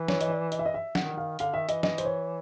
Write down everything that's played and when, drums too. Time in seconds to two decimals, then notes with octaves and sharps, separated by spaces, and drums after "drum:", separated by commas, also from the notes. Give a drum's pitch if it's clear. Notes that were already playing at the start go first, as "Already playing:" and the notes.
Already playing: E3
0.08 C#5, drum: snare
0.21 D#5, drum: hi-hat
0.30 D5
0.52 D#5, drum: hi-hat
0.59 E5
0.65 D#5
0.74 E5
0.95 D#3 F#5, drum: snare
1.17 F5
1.39 D3 F5, drum: hi-hat
1.54 D#3 E5
1.69 E3 D#5, drum: hi-hat
1.83 D#5, drum: snare
1.98 C5, drum: hi-hat
2.05 C#5